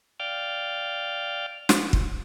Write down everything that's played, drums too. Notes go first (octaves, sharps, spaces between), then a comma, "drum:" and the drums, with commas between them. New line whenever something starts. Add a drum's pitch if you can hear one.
D5 F5 G5 D6 F6 G6
drum: snare
drum: kick